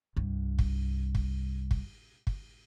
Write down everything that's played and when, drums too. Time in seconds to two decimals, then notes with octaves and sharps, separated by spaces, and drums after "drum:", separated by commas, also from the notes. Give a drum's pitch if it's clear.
0.17 C2 G2
0.59 drum: kick
1.15 drum: kick
1.71 drum: kick
2.27 drum: kick